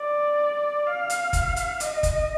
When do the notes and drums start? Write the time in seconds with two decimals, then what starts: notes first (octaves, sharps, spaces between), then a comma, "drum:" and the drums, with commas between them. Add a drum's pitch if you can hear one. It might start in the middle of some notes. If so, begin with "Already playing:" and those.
Already playing: D5
0.87 F5
1.10 drum: hi-hat
1.33 drum: kick, hi-hat
1.56 drum: hi-hat
1.80 D#5, drum: hi-hat
2.03 drum: kick, hi-hat